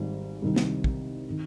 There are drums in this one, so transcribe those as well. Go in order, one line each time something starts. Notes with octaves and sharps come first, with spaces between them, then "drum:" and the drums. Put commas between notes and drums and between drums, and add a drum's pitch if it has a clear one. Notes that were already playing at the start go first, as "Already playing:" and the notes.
Already playing: G#1 G#2 D#3 G3
C2 C3 D#3 G3
drum: snare
drum: kick
D#3